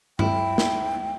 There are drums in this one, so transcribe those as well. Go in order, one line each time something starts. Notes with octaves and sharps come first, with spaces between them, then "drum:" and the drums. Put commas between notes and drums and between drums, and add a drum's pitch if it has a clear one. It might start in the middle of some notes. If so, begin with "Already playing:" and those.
E4 G5, drum: tom G2
drum: snare